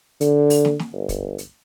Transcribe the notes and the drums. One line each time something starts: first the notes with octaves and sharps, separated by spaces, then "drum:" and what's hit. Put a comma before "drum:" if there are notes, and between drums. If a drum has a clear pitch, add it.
D3, drum: hi-hat
drum: open hi-hat
drum: snare
drum: snare
G1
drum: kick, hi-hat
drum: hi-hat